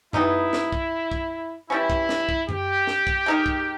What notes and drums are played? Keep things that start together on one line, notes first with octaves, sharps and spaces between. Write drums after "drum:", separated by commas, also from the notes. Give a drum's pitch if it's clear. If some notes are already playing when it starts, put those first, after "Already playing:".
E3 G3 B3 D#4 E4, drum: tom F#2
drum: snare
drum: kick
drum: kick
E3 G3 C#4 E4
drum: kick
drum: snare
drum: kick
G4, drum: tom F#2
drum: snare
drum: kick
G#3 D#4 A#4
drum: kick